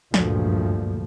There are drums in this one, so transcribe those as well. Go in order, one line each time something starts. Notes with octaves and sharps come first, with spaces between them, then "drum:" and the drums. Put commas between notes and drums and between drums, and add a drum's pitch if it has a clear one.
F#1 D2 G2 A#2 F3, drum: snare